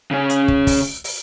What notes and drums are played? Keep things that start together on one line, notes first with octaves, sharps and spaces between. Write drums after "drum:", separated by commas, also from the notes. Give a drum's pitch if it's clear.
C#3 C#4
drum: hi-hat
drum: kick
drum: kick, open hi-hat
drum: open hi-hat